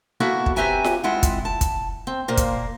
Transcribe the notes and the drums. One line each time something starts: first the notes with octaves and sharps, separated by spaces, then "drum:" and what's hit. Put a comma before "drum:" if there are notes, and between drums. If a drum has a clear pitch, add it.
A#3 B3 E4 F#4 A4 E5
drum: kick
C4 G4 B4 E5 G#5 A#5
drum: snare F4
G#3 C4 E4 F4 F#5
drum: kick, hi-hat
A5
drum: kick, hi-hat
C4
A#2 A#3 C5
drum: kick, hi-hat